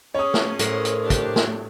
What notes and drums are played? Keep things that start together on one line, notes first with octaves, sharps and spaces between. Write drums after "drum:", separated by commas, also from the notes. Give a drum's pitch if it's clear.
C#4 G#4 C#5 D#6
drum: snare
A2 A#4 C5 F#5, drum: hi-hat
drum: hi-hat
D4 G4
drum: kick, hi-hat
drum: snare